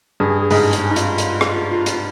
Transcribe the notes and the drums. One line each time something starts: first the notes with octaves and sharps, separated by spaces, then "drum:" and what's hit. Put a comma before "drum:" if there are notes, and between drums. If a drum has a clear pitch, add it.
G2 G#4
G#2 G#4, drum: open hi-hat
drum: hi-hat
D#4
F4, drum: hi-hat
drum: hi-hat
F4, drum: rim click
F4
drum: hi-hat